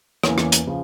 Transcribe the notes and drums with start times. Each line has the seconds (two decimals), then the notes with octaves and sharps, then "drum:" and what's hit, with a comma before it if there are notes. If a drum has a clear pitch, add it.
0.24 E2 E3 A#3 C#4 E4, drum: rim click
0.38 drum: rim click
0.52 drum: hi-hat
0.67 C#3 F3